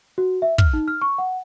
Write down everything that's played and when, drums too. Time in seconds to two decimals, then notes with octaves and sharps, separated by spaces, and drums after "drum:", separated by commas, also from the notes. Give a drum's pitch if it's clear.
0.18 F#4
0.42 E5
0.58 F6, drum: kick
0.73 D#4
0.88 F6
1.02 C#6
1.18 F#5